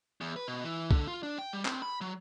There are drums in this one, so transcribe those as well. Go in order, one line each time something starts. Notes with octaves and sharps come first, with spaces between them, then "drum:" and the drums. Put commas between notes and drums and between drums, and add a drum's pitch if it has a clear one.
E2
B4
B2
E3
D3, drum: kick
F4
D4
G5
G3
C4, drum: clap
B5
F#3